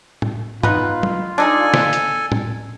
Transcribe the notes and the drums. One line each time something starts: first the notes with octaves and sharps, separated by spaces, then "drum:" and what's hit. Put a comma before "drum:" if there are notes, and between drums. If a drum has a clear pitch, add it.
drum: tom
B3 D#4 F4 B4, drum: tom
drum: tom
D4 D#4 G#4 A4 G#5
drum: snare
drum: hi-hat
drum: tom